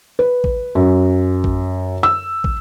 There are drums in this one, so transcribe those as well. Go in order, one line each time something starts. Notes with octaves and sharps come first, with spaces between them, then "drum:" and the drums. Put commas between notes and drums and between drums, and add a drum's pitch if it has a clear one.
B4
drum: kick
F#2
drum: kick
E6
drum: kick